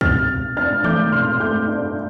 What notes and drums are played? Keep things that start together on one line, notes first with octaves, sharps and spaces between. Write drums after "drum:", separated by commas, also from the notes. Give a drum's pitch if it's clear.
C3 F6 A6, drum: kick
C3
D4 F6 A6
A3 D6 G6, drum: tom D#3
C3 C6 F6
A3 D6 G6
D4